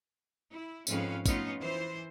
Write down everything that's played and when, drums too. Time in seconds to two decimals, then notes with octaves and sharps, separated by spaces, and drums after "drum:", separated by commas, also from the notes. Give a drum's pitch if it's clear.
0.53 E4
0.87 F2 G#2 C#4 B4 F5, drum: tambourine
1.26 A3 B3 C#4 D#4 F4, drum: kick, tambourine
1.59 E3 C5